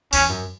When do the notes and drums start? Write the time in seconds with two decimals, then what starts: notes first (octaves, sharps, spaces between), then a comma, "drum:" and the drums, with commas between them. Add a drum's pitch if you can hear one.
0.13 E2 C#4, drum: open hi-hat
0.29 F#2